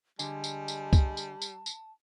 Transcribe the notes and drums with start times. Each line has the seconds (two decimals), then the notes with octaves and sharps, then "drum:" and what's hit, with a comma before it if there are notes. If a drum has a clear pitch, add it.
0.19 D3 G3 G#3 A5, drum: tambourine
0.44 drum: tambourine
0.68 drum: tambourine
0.93 drum: kick, tambourine
1.17 drum: tambourine
1.42 drum: tambourine
1.66 drum: tambourine